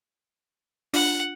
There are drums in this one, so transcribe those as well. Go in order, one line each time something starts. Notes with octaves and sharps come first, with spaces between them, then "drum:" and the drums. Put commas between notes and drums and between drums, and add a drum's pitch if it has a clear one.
D4 F4 F#5, drum: open hi-hat